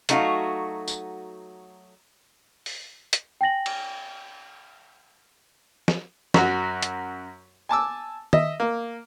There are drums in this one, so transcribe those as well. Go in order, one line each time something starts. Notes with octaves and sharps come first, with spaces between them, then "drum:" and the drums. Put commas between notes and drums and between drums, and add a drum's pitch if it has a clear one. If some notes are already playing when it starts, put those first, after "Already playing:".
F#3 A3 D#4 F#4 B4 F5, drum: hi-hat
drum: tambourine
drum: open hi-hat
drum: hi-hat
G5 G#5 A#6 F#7
drum: cymbal
drum: snare
F#2 F#4, drum: snare
drum: hi-hat
G#5 A5 D6 E6
D#5 E5, drum: tom
A#3